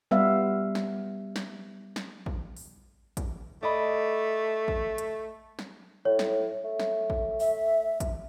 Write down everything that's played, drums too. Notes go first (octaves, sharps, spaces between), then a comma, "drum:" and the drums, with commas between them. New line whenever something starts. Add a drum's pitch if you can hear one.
G3 B3 E5 F5
drum: snare
drum: snare
drum: snare
drum: kick
drum: open hi-hat
drum: kick, hi-hat
A3 D5 D#5 B5
drum: kick
drum: hi-hat
drum: snare
A2 C#5
drum: snare
A3
drum: snare
drum: kick
E5, drum: open hi-hat
drum: kick, hi-hat